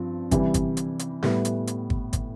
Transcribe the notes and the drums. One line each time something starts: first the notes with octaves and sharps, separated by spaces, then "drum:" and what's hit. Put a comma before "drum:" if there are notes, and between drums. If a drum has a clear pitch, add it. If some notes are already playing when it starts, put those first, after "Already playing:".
Already playing: G2 F3 C4
C3 E3 G3, drum: kick, hi-hat
drum: kick, hi-hat
drum: hi-hat
drum: hi-hat
A2 G3 B3 E4, drum: snare
drum: hi-hat
drum: hi-hat
drum: kick
drum: kick, hi-hat